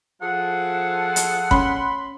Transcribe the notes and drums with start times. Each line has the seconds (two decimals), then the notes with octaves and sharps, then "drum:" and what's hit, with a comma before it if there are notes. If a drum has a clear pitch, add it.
0.22 F3 G#4 A4 F#5
1.16 drum: hi-hat
1.51 C#4 B5 C6, drum: kick G1